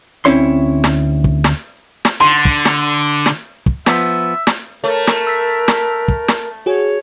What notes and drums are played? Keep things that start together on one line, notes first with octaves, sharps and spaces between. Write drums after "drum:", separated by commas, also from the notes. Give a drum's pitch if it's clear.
D2 C4 C#4 E4 C#5 C6
drum: snare
drum: kick
drum: snare
drum: snare
D3 C6
drum: kick
drum: snare
drum: snare
drum: kick
F3 B3 E5, drum: snare
drum: snare
A3 A#4 C#5
drum: snare
E6 B6
drum: snare
drum: kick
drum: snare
F#4 G#4 C#5